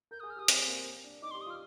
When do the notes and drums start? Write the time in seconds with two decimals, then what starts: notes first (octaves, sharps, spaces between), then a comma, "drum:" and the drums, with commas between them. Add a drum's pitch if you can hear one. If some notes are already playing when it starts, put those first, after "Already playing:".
0.11 A#4 G6
0.20 G#4 D#6
0.30 F6
0.36 G4 D#6
0.48 C4, drum: hi-hat
0.67 A#3
1.04 D4
1.22 D#4 D6
1.31 G4 C6
1.41 D#6
1.46 F4 F6